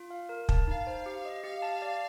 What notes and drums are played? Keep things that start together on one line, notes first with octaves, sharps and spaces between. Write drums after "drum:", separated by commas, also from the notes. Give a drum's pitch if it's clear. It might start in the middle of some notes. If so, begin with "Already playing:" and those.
Already playing: F4
F5
A#4
A5, drum: kick
D#4 F5
C5
G4
D#5
G4 F5
A5
D5